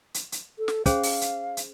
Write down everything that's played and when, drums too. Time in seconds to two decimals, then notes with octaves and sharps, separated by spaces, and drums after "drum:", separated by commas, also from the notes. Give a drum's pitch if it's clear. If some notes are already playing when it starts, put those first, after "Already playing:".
0.14 drum: hi-hat
0.32 drum: hi-hat
0.59 A4
0.68 drum: snare
0.86 C#4 G#4 C5 F5, drum: kick, hi-hat
1.03 drum: open hi-hat
1.21 drum: hi-hat
1.57 drum: hi-hat